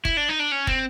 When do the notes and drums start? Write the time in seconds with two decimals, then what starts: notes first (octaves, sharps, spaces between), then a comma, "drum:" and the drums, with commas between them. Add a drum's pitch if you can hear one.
0.05 E4, drum: kick
0.17 D4
0.29 D#4
0.39 D4
0.52 C#4
0.67 C4, drum: kick